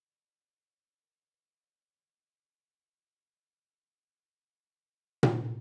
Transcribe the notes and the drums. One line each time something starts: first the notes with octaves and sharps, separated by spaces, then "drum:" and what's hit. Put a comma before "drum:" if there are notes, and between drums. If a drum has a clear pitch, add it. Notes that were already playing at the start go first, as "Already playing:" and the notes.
F#2 D3 F#3 D5
C#5
C#5
A#4
C#5
B4
C#5
E2 D3 G3 A#3 E4
drum: tom A#2